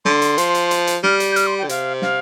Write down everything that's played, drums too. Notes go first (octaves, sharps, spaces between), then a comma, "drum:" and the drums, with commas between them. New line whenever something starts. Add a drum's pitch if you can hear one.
D3 C6, drum: snare
drum: hi-hat
F3, drum: hi-hat
drum: hi-hat
drum: hi-hat
drum: hi-hat
G3 F6, drum: snare
drum: hi-hat
G6
F6, drum: hi-hat
C6
G5
D3
C3 F5, drum: hi-hat
F5, drum: snare